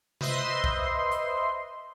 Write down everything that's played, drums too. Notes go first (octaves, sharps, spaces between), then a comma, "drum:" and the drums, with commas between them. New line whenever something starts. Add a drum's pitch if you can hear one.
B4 C5 D#5 E5 C6, drum: tom C3
drum: kick B1
drum: hi-hat